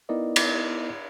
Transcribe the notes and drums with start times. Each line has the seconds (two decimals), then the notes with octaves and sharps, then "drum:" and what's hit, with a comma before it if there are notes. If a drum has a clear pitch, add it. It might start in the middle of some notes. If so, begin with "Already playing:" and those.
0.09 B3 D#4 E4 A#4 D5 D#5
0.36 drum: cymbal